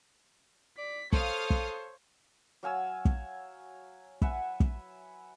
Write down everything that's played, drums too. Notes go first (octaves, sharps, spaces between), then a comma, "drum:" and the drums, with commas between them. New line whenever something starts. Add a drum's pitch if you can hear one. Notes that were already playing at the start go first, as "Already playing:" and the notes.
D5 B6
A4 C5 C#5 F5 D#6 F6, drum: kick
drum: kick
F#3 F5 G#5 E6
drum: kick
B4 E5 F#5 G#5, drum: kick
drum: kick